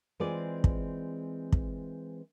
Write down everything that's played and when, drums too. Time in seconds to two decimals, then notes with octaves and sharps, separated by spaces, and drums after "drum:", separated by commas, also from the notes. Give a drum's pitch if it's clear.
0.20 E3 G#3 C4 F4 G#4 D5
0.64 drum: kick
1.52 drum: kick